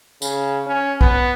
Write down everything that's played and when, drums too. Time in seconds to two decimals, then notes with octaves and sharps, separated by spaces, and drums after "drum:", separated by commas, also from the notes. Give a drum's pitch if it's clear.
0.22 C#3, drum: tambourine
0.67 C#4
1.01 B3, drum: kick